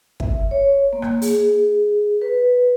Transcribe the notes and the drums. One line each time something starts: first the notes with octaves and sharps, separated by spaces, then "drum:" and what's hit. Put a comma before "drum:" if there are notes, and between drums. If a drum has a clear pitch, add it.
E5, drum: kick
C#5
A#3
drum: rim click
G#4, drum: open hi-hat
B4